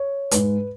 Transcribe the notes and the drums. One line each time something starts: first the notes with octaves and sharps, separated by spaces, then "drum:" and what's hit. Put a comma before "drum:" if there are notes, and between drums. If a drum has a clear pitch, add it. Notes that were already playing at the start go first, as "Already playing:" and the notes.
Already playing: C#5
G#2 G#3 B4, drum: hi-hat